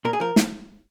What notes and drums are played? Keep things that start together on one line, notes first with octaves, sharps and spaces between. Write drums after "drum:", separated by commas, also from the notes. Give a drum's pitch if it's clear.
A#2 A#4
G#4
F3 A#4
drum: snare